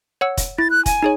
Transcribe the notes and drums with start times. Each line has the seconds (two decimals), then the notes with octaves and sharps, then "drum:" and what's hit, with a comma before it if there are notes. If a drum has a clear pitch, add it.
0.21 C#5 F#5 E6
0.37 drum: kick, hi-hat
0.58 E4 A6
0.70 F#6
0.86 G#5, drum: kick, hi-hat
1.03 D#4 G#4 C#5